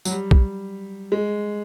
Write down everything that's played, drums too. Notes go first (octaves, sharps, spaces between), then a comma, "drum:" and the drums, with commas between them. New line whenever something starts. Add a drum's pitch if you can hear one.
F#3, drum: tambourine
G3
drum: kick
G#3